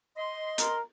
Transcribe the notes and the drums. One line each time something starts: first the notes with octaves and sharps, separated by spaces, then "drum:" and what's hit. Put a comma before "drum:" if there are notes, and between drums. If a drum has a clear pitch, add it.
D#5 C6
A#4, drum: hi-hat